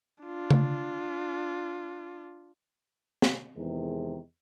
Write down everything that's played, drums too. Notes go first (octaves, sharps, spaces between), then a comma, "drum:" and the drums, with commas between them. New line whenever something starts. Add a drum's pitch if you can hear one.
D4 F4
drum: tom C#3
drum: snare
E2 C3 D#3 G#3